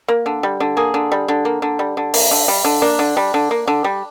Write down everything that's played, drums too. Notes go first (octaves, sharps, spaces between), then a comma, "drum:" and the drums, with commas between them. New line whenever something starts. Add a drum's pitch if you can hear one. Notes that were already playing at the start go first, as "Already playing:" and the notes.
A#3
D3
G3
D3
A#3 G#4
D3
G3
D3
A#3
D3
G3
D3
A#3, drum: open hi-hat
D3
G3
D3
A#3 D4
D3
G3
D3
A#3
D3
G3